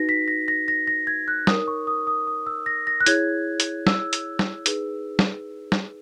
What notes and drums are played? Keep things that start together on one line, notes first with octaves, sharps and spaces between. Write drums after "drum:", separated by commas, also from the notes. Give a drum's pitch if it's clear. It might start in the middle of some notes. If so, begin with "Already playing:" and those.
Already playing: D#4 F#4 B4 A#6
B6
A#6
A#6
A#6
A#6
G#6
F#6
D#4 A#4 C#5 D#6, drum: snare
C#6
D#6
D#6
D#6
E6
A#6
A#6
F#6
E4 G#4 C#5 G#6, drum: hi-hat
drum: hi-hat
E6, drum: snare
drum: hi-hat
drum: snare
D#4 G#4 B4, drum: hi-hat
drum: snare
drum: snare